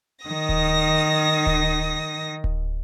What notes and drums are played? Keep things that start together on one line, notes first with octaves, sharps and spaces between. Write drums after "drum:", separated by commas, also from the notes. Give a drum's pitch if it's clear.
D#3 D#6 A#6
drum: kick D1
drum: kick D1
drum: kick D1